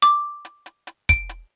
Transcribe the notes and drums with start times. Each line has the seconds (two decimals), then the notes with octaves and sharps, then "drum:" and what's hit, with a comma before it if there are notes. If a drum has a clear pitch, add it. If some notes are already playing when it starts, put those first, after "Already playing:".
0.02 D6, drum: hi-hat
0.45 drum: hi-hat
0.66 drum: hi-hat
0.87 drum: hi-hat
1.09 D7, drum: kick, hi-hat
1.29 drum: hi-hat